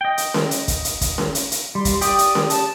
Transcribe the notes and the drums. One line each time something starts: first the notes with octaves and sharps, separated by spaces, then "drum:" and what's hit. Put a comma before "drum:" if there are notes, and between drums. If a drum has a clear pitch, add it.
D#5 G5
drum: hi-hat
drum: snare C#4
drum: hi-hat
drum: kick, hi-hat
drum: hi-hat
drum: kick, hi-hat
drum: snare C#4
drum: hi-hat
drum: hi-hat
G3 C6
drum: kick, hi-hat
G4 D5 D#6, drum: hi-hat
drum: hi-hat
drum: snare C#4
A5, drum: hi-hat